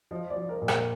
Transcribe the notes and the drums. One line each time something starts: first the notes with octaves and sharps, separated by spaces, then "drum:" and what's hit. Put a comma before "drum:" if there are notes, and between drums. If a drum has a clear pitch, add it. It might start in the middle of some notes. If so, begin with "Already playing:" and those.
F3 D#5
D5
F3
A#4
A#2
A#4, drum: rim click